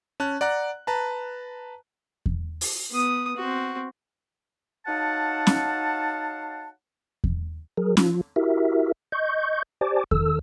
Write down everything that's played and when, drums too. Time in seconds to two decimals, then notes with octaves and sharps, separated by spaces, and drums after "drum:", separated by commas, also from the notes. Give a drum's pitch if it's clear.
0.20 C#4 A5 F#6
0.41 D5 F#5 A#5 F#6
0.87 B4 A5 A#5
2.26 drum: kick E2
2.61 drum: open hi-hat
2.92 B3 D#6
3.37 C4 F#4
4.86 D#4 F#4 C#5 F5 F#5 A5
5.47 drum: snare C#4
7.24 drum: kick E2
7.77 F#3 G#4 A#4
7.97 F3 F4, drum: snare C#4
8.36 E4 F#4 G4 A#4 E5
9.12 D#5 C#6 G6
9.81 G4 C5 D5 G#5 A5 D6
10.11 D#3 A4 E6, drum: kick E2